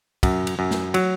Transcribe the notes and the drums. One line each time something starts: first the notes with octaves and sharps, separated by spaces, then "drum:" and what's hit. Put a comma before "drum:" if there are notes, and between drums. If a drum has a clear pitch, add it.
F#2, drum: kick, cymbal
drum: cymbal
F#2
drum: snare
F#3, drum: cymbal